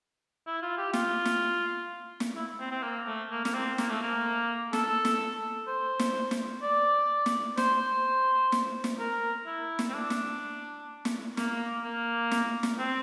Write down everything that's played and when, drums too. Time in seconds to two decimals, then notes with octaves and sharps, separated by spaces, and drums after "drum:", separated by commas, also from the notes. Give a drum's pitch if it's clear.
0.47 E4
0.63 F4
0.78 G4
0.93 F4, drum: snare
1.25 drum: snare
2.20 drum: snare
2.36 E4
2.60 C4
2.72 C4
2.83 A#3
3.07 A3
3.31 A#3
3.45 A#3, drum: snare
3.55 C4
3.78 A#3, drum: snare
3.90 A3
4.03 A#3
4.73 A4, drum: snare
5.05 drum: snare
5.68 C5
5.99 drum: snare
6.31 drum: snare
6.63 D5
7.26 drum: snare
7.57 C5, drum: snare
7.81 C5
8.52 drum: snare
8.84 drum: snare
9.00 A#4
9.46 E4
9.79 drum: snare
9.89 C4
9.94 D4
10.10 drum: snare
11.05 drum: snare
11.37 A#3, drum: snare
11.84 A#3
12.31 drum: snare
12.63 drum: snare
12.79 C4